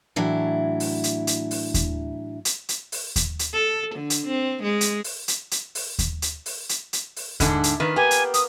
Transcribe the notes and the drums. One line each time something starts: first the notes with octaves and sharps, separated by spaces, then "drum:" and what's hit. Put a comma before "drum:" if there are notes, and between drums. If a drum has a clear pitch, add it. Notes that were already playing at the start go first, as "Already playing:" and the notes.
A2 E3 F#3 D4 E4
drum: open hi-hat
drum: hi-hat
drum: hi-hat
drum: open hi-hat
drum: kick D#2, hi-hat
drum: hi-hat
drum: hi-hat
drum: open hi-hat
drum: kick D#2, hi-hat
drum: hi-hat
A4
D3
drum: hi-hat
C4
G#3
drum: hi-hat
drum: open hi-hat
drum: hi-hat
drum: hi-hat
drum: open hi-hat
drum: kick D#2, hi-hat
drum: hi-hat
drum: open hi-hat
drum: hi-hat
drum: hi-hat
drum: open hi-hat
G#2 D3 D4 E4, drum: kick D#2, hi-hat
drum: hi-hat
D#3 F4 B4
A#3 B3 G4 G#5
drum: hi-hat
D#6, drum: hi-hat